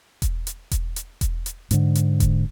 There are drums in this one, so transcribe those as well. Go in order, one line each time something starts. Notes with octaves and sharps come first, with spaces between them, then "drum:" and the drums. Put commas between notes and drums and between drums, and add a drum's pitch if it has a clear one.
drum: kick E1, hi-hat
drum: hi-hat
drum: kick E1, hi-hat
drum: hi-hat
drum: kick E1, hi-hat
drum: hi-hat
G#2 D3, drum: hi-hat
drum: hi-hat
drum: kick E1, hi-hat